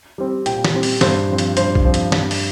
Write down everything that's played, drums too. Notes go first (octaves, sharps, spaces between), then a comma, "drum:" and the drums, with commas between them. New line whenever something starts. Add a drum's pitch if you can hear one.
G3 C4
A#2 G5, drum: hi-hat
drum: snare
G3 C4
drum: open hi-hat
G2 C5, drum: snare
F3 C4
drum: hi-hat
G2 C5, drum: hi-hat
drum: kick
F3 C4
drum: hi-hat
G2, drum: snare
drum: open hi-hat